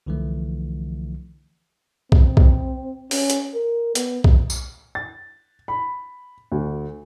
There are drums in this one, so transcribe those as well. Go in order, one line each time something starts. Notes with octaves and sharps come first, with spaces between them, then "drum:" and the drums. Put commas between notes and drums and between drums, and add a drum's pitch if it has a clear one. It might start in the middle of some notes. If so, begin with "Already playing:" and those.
C2 D3 E3 F3 A3
C4, drum: kick
drum: kick
C#4, drum: open hi-hat
drum: hi-hat
A#4
B3, drum: hi-hat
drum: kick
drum: tambourine
A6
B5
D2